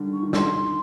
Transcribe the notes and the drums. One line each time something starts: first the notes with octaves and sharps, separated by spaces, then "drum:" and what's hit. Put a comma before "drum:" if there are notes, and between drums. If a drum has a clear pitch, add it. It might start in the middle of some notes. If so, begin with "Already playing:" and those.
Already playing: D3 D#3 G3
C#6
D#3
C6, drum: snare
D3
D#3